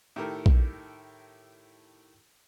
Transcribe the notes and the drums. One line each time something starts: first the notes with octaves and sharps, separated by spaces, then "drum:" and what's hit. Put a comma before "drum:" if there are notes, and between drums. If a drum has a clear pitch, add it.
A2 D#3 G4 A4 A#4
drum: kick A#1